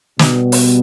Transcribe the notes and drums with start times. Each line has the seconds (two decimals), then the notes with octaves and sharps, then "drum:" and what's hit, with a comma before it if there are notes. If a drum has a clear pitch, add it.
0.19 B2 G3 B3, drum: snare
0.52 drum: open hi-hat